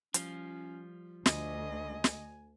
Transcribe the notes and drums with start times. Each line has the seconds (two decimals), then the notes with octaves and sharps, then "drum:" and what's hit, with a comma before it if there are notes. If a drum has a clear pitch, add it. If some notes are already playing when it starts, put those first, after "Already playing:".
0.14 F3 G3 C#4 F4, drum: hi-hat
1.26 D2 D#5 G#5, drum: snare
2.04 drum: snare